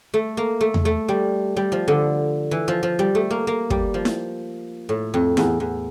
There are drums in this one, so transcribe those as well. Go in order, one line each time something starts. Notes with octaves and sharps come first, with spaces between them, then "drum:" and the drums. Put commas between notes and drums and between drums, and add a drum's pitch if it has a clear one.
A3
A#3
A3
drum: tom E2
A3
G3
G3
F3
D3
E3
F3
F3
G3
A3
A#3
A#3
G3, drum: kick
F3
drum: snare E4
A2
F2
E2, drum: snare E4
E2